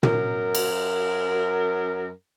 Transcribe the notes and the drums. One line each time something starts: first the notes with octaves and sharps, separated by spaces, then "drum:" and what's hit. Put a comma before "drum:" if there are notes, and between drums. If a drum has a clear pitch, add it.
F#2 A#4, drum: tom
drum: cymbal